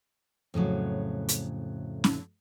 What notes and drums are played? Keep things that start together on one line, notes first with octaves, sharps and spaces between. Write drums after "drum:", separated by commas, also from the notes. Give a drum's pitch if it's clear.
F2 A2 C#3 F#3
drum: hi-hat
drum: snare C#4